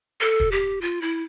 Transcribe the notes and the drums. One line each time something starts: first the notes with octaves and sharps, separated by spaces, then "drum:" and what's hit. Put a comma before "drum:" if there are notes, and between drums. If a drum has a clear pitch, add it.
A4
drum: kick
G4
F4
E4